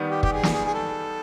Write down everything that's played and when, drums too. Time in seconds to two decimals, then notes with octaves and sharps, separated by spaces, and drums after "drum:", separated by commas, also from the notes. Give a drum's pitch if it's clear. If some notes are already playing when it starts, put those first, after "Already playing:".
Already playing: D#3 G3 B3
0.11 G4
0.23 G4, drum: kick
0.33 G#4
0.43 drum: snare
0.53 G#4
0.66 G#4
0.74 A4